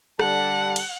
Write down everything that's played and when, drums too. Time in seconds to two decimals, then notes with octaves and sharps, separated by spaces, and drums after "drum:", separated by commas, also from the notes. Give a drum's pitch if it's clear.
0.19 D3 G3 F#5 A5, drum: rim click
0.76 drum: cymbal